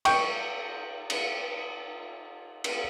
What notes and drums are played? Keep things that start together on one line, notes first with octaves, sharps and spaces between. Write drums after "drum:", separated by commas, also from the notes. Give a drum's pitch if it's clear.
G5 C#6, drum: cymbal
drum: cymbal
drum: cymbal